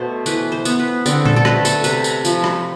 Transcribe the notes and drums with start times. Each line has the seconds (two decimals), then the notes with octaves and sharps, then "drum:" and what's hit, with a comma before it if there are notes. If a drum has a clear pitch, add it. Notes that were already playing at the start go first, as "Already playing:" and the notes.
Already playing: B2 A3 C5
0.26 E3 B4, drum: tambourine
0.52 C5
0.65 B3, drum: tambourine
0.79 B4
1.06 D3 C4, drum: tambourine
1.26 A4, drum: tom A#2
1.36 A4
1.45 A3 B4, drum: rim click
1.65 A4, drum: tambourine
1.84 C3 B4, drum: tambourine
2.04 drum: tambourine
2.25 F3, drum: tambourine
2.44 drum: rim click